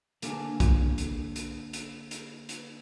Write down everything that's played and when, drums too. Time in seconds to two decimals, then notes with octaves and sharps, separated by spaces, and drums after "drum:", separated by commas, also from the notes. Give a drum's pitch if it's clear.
0.22 D3 A#3 A4 F5 G#5, drum: hi-hat
0.60 drum: kick B1, hi-hat
0.98 drum: hi-hat
1.36 drum: hi-hat
1.73 drum: hi-hat
2.11 drum: hi-hat
2.49 drum: hi-hat